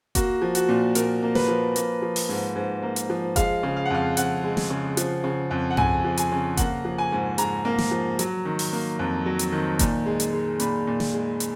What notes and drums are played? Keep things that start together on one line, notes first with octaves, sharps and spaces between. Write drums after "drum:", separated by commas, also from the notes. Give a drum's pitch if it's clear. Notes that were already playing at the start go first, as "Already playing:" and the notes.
A#3 F#4, drum: kick F#1, hi-hat
F3
F#4, drum: hi-hat
A#2
A#2 A#4, drum: hi-hat
A#3
B4, drum: snare
F3
A#3, drum: hi-hat
F3
drum: open hi-hat
G#2
G#2
A#3
drum: hi-hat
F3
G#3 F5, drum: kick F#1, hi-hat
C#3
F5
F#5
F2 F5
F2 F#5, drum: hi-hat
G#3
drum: snare
C#3
F3, drum: hi-hat
C#3
F2
F#5
F2 G#5, drum: tom G2
F3
G#5, drum: hi-hat
C#3
A#3 F#5, drum: kick F#1, hi-hat
F3
G#5
G#2
G#2 A#5, drum: hi-hat
A#3
drum: snare
F3
F#3, drum: hi-hat
D#3
drum: open hi-hat
A#3
F2
F#3
drum: hi-hat
D#3
A#2, drum: kick F#1, hi-hat
G#3
drum: hi-hat
G#3
A#2 B5, drum: hi-hat
A#2
drum: snare
G#3
drum: hi-hat